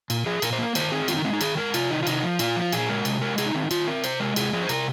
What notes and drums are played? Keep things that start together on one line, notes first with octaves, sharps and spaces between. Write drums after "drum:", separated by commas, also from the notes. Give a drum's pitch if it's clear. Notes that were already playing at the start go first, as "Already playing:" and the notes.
A#2, drum: cymbal
F3 G#4
A#2 A#4, drum: cymbal
C5
A#3 A#4
D#3 C5, drum: cymbal
C4 G#4
D#3 F4, drum: cymbal
D#4
G#3 C4
D#4
D#3 G#4, drum: cymbal
G#3 A#4
C3 F4, drum: cymbal
D#3 D#4
F4
C3 D#4, drum: cymbal
F3
A#2 F4, drum: cymbal
F3
F4
A#2 G#4, drum: cymbal
G#3 A#4
C3, drum: cymbal
G#3 A#4
C3 G#4, drum: cymbal
D#4
D#3 C4
D#4
D#3 F4, drum: cymbal
C4 A#4
C3 C5, drum: cymbal
G#3 A#4
C3 G#4, drum: cymbal
F3 G#4
C5
C3 A#4, drum: cymbal